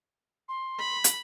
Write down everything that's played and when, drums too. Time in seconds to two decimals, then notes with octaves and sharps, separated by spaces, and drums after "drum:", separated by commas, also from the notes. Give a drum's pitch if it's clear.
0.48 C6
0.79 B5
1.04 drum: hi-hat